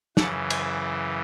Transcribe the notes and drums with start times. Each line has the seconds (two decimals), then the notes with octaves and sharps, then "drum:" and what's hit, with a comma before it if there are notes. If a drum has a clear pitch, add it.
0.17 F#2 C#3 E3 F#5 A5, drum: snare
0.50 G#5 C6, drum: cymbal